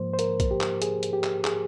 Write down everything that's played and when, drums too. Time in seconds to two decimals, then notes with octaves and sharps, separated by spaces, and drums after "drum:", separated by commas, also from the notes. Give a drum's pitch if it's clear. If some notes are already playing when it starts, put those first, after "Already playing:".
Already playing: G#2 F3 A#3 C5
0.14 C5
0.19 A#4, drum: hi-hat
0.40 drum: kick, hi-hat
0.51 G4
0.61 drum: clap
0.82 G#4, drum: hi-hat
1.03 drum: hi-hat
1.13 G4
1.24 drum: clap
1.45 G#4, drum: clap